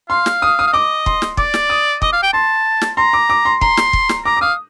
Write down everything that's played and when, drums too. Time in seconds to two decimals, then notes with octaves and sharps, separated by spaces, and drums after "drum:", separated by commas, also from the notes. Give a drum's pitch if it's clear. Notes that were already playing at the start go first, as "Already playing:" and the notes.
0.09 F5 C6
0.26 drum: snare
0.42 D#6
0.59 D#6
0.67 F5
0.73 D#5 D6
1.06 C6, drum: kick
1.22 drum: snare
1.37 D5 D6, drum: kick
1.54 drum: snare
1.70 D#6
2.02 D#5 D6, drum: kick
2.13 F5
2.23 G5
2.33 A5 C6
2.82 drum: snare
2.97 A#5 C6
3.13 D6
3.30 D6
3.45 C6
3.61 A#5 C6, drum: kick
3.77 drum: snare
3.93 drum: kick
4.09 drum: snare
4.25 A#5 D6
4.37 D6
4.41 F5 D#6